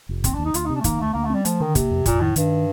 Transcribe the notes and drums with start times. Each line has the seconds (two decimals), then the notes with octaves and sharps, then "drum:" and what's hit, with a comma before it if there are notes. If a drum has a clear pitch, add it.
0.09 F1
0.24 D#2 C4, drum: kick, hi-hat
0.34 D#2 D4
0.45 D#4
0.54 D2 F4, drum: hi-hat
0.65 D#4
0.69 C3
0.75 D4
0.80 A3
0.84 D#3 A#3, drum: kick, hi-hat
1.00 D2 A3
1.13 D2 A#3
1.24 A3
1.30 G3 C4
1.45 F3 A3, drum: hi-hat
1.60 D3 D#3
1.75 C3 A#3, drum: kick, hi-hat
1.90 F2
2.06 F2 A#2, drum: kick, hi-hat
2.21 A2 D#3
2.36 G2 D#3, drum: hi-hat